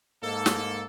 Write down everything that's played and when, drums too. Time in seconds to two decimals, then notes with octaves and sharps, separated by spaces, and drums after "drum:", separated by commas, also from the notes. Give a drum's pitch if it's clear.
0.22 G#2 A#3 A4
0.46 drum: snare